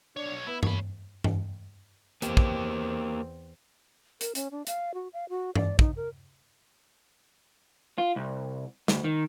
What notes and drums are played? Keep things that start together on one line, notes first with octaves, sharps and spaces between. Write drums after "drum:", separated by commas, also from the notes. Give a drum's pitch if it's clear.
B1 D4 C#5
B3 E4
A#3 C#5 B5, drum: tom G2
drum: tom G2
E2 A#3 C4 G4, drum: hi-hat
drum: kick
A#4, drum: hi-hat
C#4, drum: hi-hat
D4
F5, drum: hi-hat
F#4
F5
F#4
D5, drum: tom G2
D#4, drum: kick
A#4
F4
C2
D2, drum: snare
D#3